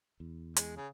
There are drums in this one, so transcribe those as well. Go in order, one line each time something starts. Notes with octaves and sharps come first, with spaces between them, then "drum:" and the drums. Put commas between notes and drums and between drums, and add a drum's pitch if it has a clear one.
E2
G#3, drum: hi-hat
C#3